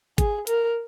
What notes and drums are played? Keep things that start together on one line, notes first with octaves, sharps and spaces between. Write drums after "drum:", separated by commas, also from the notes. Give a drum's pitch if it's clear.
G#4, drum: kick G#1, hi-hat
A#4, drum: hi-hat